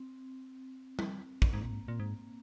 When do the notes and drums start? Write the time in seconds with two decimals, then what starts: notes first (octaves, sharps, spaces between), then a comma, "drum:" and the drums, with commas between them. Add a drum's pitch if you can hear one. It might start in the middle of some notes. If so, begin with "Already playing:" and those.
Already playing: C4
0.99 drum: tom
1.42 drum: kick
1.53 G#2 A#3
1.63 A#2
1.71 G#2
1.88 A#2
2.00 G#2